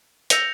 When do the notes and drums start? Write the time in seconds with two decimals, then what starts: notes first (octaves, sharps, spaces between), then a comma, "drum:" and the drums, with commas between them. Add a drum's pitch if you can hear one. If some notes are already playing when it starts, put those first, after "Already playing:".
0.30 E6 G6 A#6 C#7 F7, drum: hi-hat